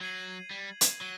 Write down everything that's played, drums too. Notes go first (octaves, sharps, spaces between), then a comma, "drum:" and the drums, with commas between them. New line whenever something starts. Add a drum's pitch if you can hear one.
F#3 G#6 C7 D#7 F#7
G3
drum: hi-hat
F#3 D#7 G7